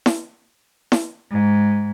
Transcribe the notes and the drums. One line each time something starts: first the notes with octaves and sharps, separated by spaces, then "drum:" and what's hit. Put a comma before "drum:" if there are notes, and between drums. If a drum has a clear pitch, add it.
drum: snare E4
drum: snare E4
G#2